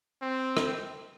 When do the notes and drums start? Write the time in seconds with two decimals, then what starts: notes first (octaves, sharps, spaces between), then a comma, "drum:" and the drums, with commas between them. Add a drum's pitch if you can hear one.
0.22 C4
0.57 drum: rim click